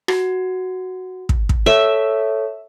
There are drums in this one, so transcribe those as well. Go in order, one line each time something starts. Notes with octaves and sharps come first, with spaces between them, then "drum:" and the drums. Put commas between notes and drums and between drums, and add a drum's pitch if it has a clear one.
F#4, drum: rim click
drum: kick
drum: kick
A4 C#5 E5